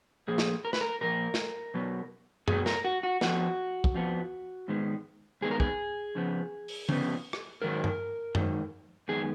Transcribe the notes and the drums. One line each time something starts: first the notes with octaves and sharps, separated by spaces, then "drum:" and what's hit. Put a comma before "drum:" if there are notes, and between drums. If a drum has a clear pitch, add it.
A#2 F3 A#3 G#4
drum: snare
A#4
B4, drum: snare
A#4
A#2 F3 A#3 A#4
drum: snare
B2 F#3 B3
B2 F#3 B3 G#4, drum: tom F#2
A#4, drum: snare
F#4
F#4
F2 F3 B3 F#4, drum: snare
drum: kick
F2 F3 B3
G#2 D#3 G#3 B3
G#2 D#3 G#3 B3 G#4
A#4
G#4, drum: kick
F2 C#3 F3 B3
drum: open hi-hat
F2 C#3 F3 B3, drum: tom D3
drum: rim click
G#2 D#3 F#3 A#4
drum: tom G2
G#2 D#3 F#3, drum: tom F#2
F#2 D#3 G#3 B3 G#4